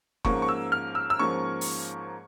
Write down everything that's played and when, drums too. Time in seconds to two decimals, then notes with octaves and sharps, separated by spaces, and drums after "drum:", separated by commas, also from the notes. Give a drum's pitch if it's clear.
0.25 G#2 F3 A#3 C#4 C#6, drum: kick F#1
0.42 C#6
0.49 E6
0.72 F6
0.95 E6
1.10 E6
1.19 G#2 F3 A#3 C#4 C#6
1.61 drum: open hi-hat